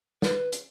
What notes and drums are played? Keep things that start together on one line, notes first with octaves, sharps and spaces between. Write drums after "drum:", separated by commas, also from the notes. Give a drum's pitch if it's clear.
B4, drum: snare
drum: hi-hat